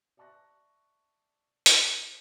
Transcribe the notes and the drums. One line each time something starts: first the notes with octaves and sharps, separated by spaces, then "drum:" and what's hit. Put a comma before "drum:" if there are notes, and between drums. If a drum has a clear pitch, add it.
D5 E5 A5 C#6 F#6 A#6
drum: hi-hat